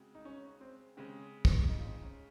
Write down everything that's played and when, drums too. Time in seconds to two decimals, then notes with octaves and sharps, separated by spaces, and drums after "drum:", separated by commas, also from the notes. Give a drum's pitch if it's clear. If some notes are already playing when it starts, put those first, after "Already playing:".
Already playing: C#3 G#3 C4 F#4
0.15 D#4
0.25 C#4
0.61 C4
0.97 C#3 G#3 C4 C#4
1.45 drum: kick
1.69 D#4
1.77 F4
1.86 C4 D#4
2.04 C#4